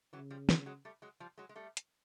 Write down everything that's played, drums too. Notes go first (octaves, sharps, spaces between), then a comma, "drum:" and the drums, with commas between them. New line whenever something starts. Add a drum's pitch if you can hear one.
C#3 E3 F#3
F3 G3
F#3 G#3, drum: snare
F#3 G#3
G3 A3
F#3 G#3
F3 G3
F#3 G#3
G#3
G3 A3
drum: hi-hat